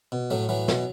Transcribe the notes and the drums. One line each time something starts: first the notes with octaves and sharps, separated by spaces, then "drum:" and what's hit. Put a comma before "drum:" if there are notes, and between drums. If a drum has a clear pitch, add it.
B2
A2 F#3 A3
E3 F#3
B2, drum: snare